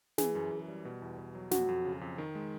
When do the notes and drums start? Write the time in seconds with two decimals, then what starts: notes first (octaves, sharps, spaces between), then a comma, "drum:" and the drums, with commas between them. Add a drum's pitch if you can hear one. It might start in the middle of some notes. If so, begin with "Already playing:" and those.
0.18 E3 G#4, drum: snare
0.35 F#2
0.52 F#2
0.68 G3
0.85 B2
1.02 E2
1.18 B2
1.35 F#3
1.51 F2 F#4, drum: snare
1.68 F2
1.85 C#3
2.01 F2
2.18 D#3
2.35 G#3